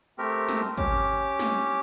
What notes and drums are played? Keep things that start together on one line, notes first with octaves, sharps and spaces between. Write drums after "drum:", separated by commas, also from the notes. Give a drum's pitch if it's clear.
A3 C4 G4 A#4
drum: snare
C#4 G4 D6, drum: kick
drum: snare